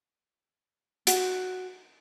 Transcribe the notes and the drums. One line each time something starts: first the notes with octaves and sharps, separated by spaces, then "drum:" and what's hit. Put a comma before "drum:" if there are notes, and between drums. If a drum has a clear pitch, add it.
F#4, drum: hi-hat